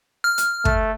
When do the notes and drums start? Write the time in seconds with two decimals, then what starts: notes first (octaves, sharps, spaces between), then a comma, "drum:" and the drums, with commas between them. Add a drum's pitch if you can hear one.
0.24 F6
0.38 drum: hi-hat
0.65 A3, drum: kick